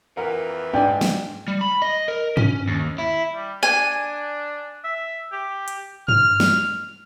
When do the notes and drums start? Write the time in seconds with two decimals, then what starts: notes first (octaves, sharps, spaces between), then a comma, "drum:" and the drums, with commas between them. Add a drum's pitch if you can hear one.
0.17 F2 A#2 E3 A#4 F#5
0.74 G#2 D4 D5 G5 G#5
1.01 drum: snare
1.48 G3
1.61 B5
1.82 D#5
2.08 A#4
2.37 C#4, drum: tom G2
2.68 D#2
2.98 E4
3.33 G3
3.63 D4 G#5
4.84 E5
5.32 G4
5.68 drum: hi-hat
6.08 F6, drum: tom G2
6.40 drum: snare